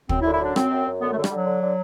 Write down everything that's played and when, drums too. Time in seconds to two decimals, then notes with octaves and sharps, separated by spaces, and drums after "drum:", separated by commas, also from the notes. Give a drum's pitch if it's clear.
0.09 F#2 C4, drum: kick
0.21 E4
0.25 D3
0.32 E4
0.40 F#2 D4
0.56 F#2 C4, drum: rim click
0.71 F#2
0.86 F#2
1.01 D3 B3
1.12 A3
1.17 D3
1.24 G3, drum: rim click
1.31 D3 F#3
1.46 D3
1.62 D3